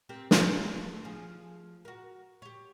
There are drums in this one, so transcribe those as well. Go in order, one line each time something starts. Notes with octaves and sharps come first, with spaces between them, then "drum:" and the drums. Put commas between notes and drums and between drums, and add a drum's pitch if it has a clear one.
C4 G4 A#4
C4 F4 G#4, drum: snare
A3
F3 G#4
F#4 A#4
G4 C#5